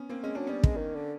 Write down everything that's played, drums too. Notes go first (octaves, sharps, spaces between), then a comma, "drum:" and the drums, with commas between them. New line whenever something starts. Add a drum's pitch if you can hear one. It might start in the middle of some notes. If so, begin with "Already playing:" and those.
Already playing: B3 C#4
A#3 C4
G#3 C#4
F#3 D4
G3 B3 C#4
G#3, drum: kick
D#3
D3